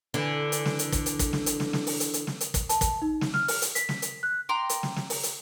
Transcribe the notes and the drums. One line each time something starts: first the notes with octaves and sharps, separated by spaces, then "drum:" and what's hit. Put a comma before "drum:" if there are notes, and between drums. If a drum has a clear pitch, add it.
D3 E3
drum: hi-hat
drum: snare
drum: hi-hat
drum: kick, hi-hat
drum: hi-hat
drum: kick, hi-hat
drum: snare
drum: hi-hat
drum: snare
drum: snare
drum: open hi-hat
drum: hi-hat
drum: hi-hat
drum: snare
drum: hi-hat
drum: kick, hi-hat
A5, drum: hi-hat
drum: kick, hi-hat
D#4
drum: snare
F6, drum: snare
drum: open hi-hat
drum: hi-hat
B6, drum: hi-hat
drum: snare
drum: hi-hat
F#6
G5 A#5 C6 D6
drum: hi-hat
drum: snare
drum: snare
drum: open hi-hat
drum: hi-hat